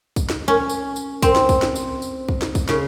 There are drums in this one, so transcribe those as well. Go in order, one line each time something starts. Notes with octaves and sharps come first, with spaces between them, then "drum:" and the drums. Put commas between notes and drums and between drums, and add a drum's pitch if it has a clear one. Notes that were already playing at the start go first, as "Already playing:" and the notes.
drum: kick, tambourine
drum: snare
C#4
drum: tambourine
drum: tambourine
C4, drum: kick, tambourine
drum: snare
drum: kick, tambourine
drum: snare
drum: tambourine
drum: tambourine
drum: kick
drum: snare
drum: kick, tambourine
C#3, drum: snare